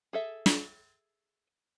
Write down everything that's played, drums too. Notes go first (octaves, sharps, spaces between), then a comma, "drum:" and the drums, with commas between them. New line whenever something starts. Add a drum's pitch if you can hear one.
G#4 A4 E5
drum: snare